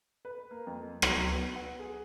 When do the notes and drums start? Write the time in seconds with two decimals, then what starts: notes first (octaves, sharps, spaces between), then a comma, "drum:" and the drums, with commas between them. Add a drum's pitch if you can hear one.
0.25 B4
0.51 A#3
0.67 F2
1.02 F#3, drum: rim click
1.32 B3
1.56 F#5
1.79 G#4